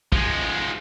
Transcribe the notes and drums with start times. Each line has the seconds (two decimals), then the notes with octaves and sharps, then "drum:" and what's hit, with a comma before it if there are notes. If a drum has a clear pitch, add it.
0.12 F3 G#3, drum: kick